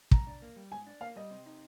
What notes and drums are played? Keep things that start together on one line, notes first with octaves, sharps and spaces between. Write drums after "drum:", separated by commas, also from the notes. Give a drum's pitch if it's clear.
G#2 A#5, drum: kick
D4
A#3
G3
G#2 G#5
D4
A#3 F5
G3 D#5
C3
D#4